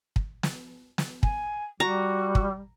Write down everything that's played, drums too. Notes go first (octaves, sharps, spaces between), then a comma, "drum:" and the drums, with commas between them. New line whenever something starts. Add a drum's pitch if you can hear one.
drum: kick
drum: snare
drum: snare
G#5, drum: kick
G3 F#4 A#5
drum: kick